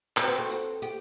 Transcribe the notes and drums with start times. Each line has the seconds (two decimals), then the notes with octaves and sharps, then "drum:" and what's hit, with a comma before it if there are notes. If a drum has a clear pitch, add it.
0.17 C4 F#4 B4 C5 G5, drum: clap
0.28 B4
0.39 A4
0.50 drum: hi-hat
0.82 G4, drum: hi-hat